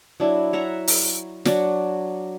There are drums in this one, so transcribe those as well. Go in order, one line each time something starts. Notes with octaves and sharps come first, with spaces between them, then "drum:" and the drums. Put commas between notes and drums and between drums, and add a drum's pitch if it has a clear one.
F#3 D4 E4
C#5 E5 F#5 A#5
drum: open hi-hat
F#3 D4 F#4, drum: snare